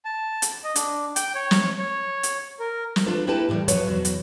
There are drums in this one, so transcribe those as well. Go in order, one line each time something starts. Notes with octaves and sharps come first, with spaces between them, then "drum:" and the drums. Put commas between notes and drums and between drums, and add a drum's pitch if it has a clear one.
A5
drum: hi-hat
D#5
D4, drum: hi-hat
G5, drum: hi-hat
C#5
drum: snare
C#5
drum: hi-hat
A#4
drum: snare
D4 F4 A4 B4
A#3 E4 G4 A4 B4 A5
A2 D3 E3 G3 A3
F#2 F3 F#3 B4 C#5, drum: hi-hat
E2 B2 F3 F#3
drum: hi-hat